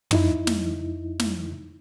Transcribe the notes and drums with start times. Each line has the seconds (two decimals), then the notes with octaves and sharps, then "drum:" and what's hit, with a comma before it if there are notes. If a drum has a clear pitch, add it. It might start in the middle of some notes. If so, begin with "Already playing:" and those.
0.11 F2 D#4 E4, drum: tom
0.47 drum: snare
1.19 drum: snare